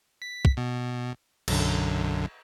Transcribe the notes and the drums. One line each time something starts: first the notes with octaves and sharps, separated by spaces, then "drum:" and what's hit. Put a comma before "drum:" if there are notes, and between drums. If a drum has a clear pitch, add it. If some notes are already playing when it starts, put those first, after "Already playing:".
B6
drum: kick
B2
B1 F#2 D3, drum: cymbal